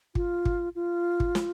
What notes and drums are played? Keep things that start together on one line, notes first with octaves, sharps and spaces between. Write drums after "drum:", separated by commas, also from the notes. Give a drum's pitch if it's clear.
F4, drum: kick
drum: kick
F4
drum: kick
drum: snare